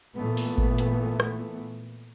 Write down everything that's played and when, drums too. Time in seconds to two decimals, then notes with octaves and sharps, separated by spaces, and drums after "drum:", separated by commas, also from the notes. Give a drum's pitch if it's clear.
0.17 A#2 E3 A3 B3
0.37 drum: open hi-hat
0.58 drum: kick G#1
0.78 drum: hi-hat
1.20 drum: rim click